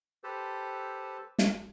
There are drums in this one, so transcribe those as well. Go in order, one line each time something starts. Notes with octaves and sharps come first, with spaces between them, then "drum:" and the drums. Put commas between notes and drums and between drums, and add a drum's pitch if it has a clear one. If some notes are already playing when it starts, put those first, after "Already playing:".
G4 A4 B4 C5
drum: snare